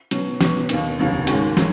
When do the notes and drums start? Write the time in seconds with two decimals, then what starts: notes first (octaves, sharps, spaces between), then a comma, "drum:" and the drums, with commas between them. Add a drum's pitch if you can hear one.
0.11 B2 F#3 C#4, drum: hi-hat
0.41 B2 F#3 C#4, drum: snare
0.69 D#2 D#3 A#3 D#4, drum: hi-hat
0.99 F1 D#2 C#3 F#3
1.27 G#2 D#3 G#3 C#4 F#4, drum: hi-hat
1.57 F#3, drum: snare